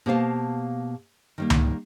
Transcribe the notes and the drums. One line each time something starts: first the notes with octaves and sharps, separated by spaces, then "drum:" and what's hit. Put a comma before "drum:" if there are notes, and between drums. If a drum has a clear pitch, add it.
B2 A#3 G4 C5 F5 A5
D#3 G3 A#3
drum: tom C#2